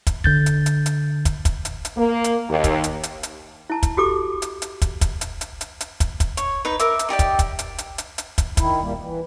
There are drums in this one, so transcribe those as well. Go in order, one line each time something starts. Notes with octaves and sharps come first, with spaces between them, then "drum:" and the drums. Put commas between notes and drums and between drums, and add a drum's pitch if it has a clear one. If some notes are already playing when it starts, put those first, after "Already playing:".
drum: kick, hi-hat
D3 G6 A6, drum: kick
drum: hi-hat
drum: hi-hat
drum: hi-hat
drum: kick, hi-hat
drum: kick, hi-hat
drum: hi-hat
drum: hi-hat
A#3
drum: hi-hat
D#2
drum: kick, hi-hat
drum: hi-hat
drum: hi-hat
drum: hi-hat
E4 A5 A#5
drum: kick, hi-hat
F#4 G4 A4 D6
drum: hi-hat
drum: hi-hat
drum: kick, hi-hat
drum: kick, hi-hat
drum: hi-hat
drum: hi-hat
drum: hi-hat
drum: hi-hat
drum: kick, hi-hat
drum: kick, hi-hat
C#5, drum: hi-hat
D#4 B4
A#4 E5 D6, drum: hi-hat
drum: hi-hat
D#4 G4 D5 G5
drum: kick, hi-hat
drum: kick, hi-hat
drum: hi-hat
drum: hi-hat
drum: hi-hat
drum: hi-hat
drum: kick, hi-hat
D#3 E4, drum: kick, hi-hat
A#2 G3 A#3
E3